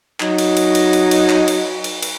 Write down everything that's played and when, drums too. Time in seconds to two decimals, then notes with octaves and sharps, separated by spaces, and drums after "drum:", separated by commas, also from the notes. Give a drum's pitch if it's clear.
0.20 F#3 D#4, drum: clap
0.38 drum: cymbal
0.57 drum: cymbal
0.75 drum: cymbal
0.93 drum: cymbal
1.11 drum: cymbal
1.30 drum: clap
1.48 drum: cymbal
1.84 drum: cymbal
2.02 drum: cymbal